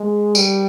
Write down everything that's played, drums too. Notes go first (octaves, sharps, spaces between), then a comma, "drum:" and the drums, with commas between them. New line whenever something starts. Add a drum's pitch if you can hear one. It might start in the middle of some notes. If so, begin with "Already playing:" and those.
Already playing: G#3
G3, drum: tambourine